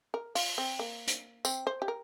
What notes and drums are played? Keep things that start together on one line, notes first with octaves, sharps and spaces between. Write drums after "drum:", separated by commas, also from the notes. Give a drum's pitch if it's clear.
A#4
F4, drum: open hi-hat
C4
A#3
drum: hi-hat
C4, drum: tambourine
C5
G4
A#4